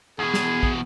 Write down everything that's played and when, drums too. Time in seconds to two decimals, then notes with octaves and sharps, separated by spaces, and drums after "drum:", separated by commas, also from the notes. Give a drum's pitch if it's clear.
0.19 E2 B2 G#4
0.34 drum: snare
0.63 drum: kick